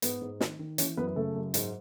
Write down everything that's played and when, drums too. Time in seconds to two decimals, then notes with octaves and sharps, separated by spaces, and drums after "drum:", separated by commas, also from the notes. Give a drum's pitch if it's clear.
0.02 G#2 B3 B4, drum: hi-hat
0.22 G#2
0.40 D#3, drum: snare
0.59 D#3
0.78 E3 C#4 C#5, drum: hi-hat
0.97 F#2 B3 B4
1.07 B4
1.16 C#3 A3 A4
1.35 F#2
1.54 G#2, drum: hi-hat